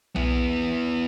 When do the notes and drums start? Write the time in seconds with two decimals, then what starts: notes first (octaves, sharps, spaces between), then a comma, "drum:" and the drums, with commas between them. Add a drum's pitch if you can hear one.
0.16 B3 E4, drum: tom B1